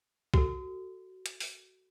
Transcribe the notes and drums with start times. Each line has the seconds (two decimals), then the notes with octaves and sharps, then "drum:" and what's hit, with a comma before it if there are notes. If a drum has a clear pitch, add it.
0.34 F#4 A4, drum: kick B1
1.26 drum: hi-hat
1.40 drum: open hi-hat